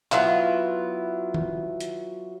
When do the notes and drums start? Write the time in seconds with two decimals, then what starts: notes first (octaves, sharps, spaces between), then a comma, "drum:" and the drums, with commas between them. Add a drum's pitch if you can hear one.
0.12 F#3 B3 E4 F4, drum: clap
1.34 drum: tom D#3
1.80 drum: hi-hat